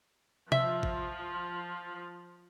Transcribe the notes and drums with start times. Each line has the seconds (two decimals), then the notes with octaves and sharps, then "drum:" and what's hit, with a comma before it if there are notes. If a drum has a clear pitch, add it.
0.52 F3 E5, drum: tom C3
0.83 drum: kick G#1